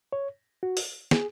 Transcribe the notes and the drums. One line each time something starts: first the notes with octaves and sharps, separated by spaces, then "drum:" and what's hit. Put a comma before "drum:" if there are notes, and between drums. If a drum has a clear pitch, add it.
C#5
F#4
drum: open hi-hat
G#4, drum: snare